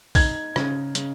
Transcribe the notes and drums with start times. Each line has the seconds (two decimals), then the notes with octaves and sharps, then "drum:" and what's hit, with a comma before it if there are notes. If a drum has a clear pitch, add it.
0.15 D#4 G#6, drum: kick, open hi-hat
0.56 C#3, drum: rim click
0.95 C#3, drum: hi-hat